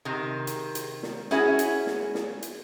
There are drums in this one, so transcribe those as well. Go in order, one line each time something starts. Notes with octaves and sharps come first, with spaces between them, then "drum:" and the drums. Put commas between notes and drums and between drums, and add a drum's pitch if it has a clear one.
C3 D#3
drum: hi-hat
drum: hi-hat
drum: snare
C#4 E4 F#4 G#4, drum: snare
drum: hi-hat
drum: snare
drum: snare
drum: hi-hat